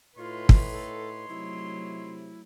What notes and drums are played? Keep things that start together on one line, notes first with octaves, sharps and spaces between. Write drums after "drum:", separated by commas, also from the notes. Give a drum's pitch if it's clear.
A2 D#4 F4 B4 C#5 C6
drum: kick
A4
C3 F#3 A3 E4